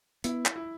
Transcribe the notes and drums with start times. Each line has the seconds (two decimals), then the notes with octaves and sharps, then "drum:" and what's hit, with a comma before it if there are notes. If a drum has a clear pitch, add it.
0.24 B3 E4, drum: hi-hat
0.45 drum: clap
0.56 E4